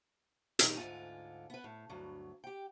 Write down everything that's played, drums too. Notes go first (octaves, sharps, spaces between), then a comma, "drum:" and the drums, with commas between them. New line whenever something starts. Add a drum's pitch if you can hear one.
A#2 D#3 F#3 D#4 G4 A#4, drum: hi-hat
D2 G#2 D3 F4 G#5
B3 B4
A2
D2 G2 F#3
G4 G5